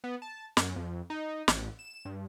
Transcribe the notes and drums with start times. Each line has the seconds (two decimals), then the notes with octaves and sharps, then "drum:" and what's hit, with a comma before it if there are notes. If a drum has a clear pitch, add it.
0.04 B3
0.22 A5
0.57 F#2, drum: snare
0.76 F2
1.10 D#4
1.48 A1, drum: snare
1.79 E7
2.05 G2